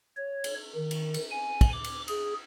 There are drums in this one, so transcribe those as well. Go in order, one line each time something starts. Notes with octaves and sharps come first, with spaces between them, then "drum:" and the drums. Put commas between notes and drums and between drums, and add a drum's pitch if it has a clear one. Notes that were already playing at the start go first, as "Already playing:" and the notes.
C#5
drum: cymbal
D#3
drum: cymbal
drum: cymbal
G#5
drum: kick, cymbal
D6
drum: cymbal
G#4, drum: cymbal